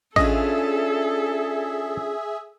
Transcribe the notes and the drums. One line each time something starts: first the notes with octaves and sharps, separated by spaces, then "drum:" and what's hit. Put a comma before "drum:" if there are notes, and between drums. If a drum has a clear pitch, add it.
C#4 D4 F4 G#4 A4 D#5 E5, drum: kick A1